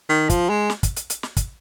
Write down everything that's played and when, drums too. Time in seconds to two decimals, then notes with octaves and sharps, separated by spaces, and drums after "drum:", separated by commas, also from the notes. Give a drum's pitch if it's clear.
0.09 D#3
0.30 F3, drum: kick, hi-hat
0.49 G#3
0.70 drum: snare
0.83 drum: kick, hi-hat
0.96 drum: hi-hat
1.10 drum: hi-hat
1.23 drum: snare
1.37 drum: kick, hi-hat